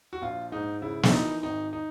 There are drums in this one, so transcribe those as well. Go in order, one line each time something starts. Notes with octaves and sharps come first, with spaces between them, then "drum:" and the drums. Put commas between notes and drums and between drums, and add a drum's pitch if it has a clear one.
F#4
A#1 F4
G#2 D#4
C#3 E4
D4, drum: snare
E3 D#4
G#1 D#4
D#4